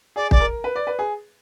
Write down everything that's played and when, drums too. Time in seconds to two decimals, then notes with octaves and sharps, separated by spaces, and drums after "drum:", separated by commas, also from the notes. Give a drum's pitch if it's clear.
0.16 G#4 D5
0.31 D5, drum: kick
0.40 A#4
0.64 B4
0.76 D5
0.87 B4
0.99 G#4